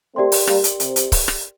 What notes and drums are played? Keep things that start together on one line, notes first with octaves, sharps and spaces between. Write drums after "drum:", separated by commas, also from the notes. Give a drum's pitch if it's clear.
A3 C4 G4 A#4 D5 G5 C6
drum: open hi-hat
G3 A#3, drum: rim click
drum: hi-hat
C3, drum: hi-hat
drum: hi-hat
drum: kick C#1, open hi-hat
drum: rim click